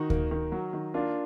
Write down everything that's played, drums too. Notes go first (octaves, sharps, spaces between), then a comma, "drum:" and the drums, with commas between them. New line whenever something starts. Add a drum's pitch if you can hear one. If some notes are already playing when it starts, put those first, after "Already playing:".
Already playing: D#3 D#4 F#4
A#3, drum: kick D2
D#3
F#3
D#3
A#3 D4 F4